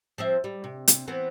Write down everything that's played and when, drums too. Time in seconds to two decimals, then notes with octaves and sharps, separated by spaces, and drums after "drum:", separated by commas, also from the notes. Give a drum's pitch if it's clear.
0.18 F3 C4 E5
0.44 G3
0.64 C3
0.88 C3, drum: hi-hat
1.08 E3 B3 C4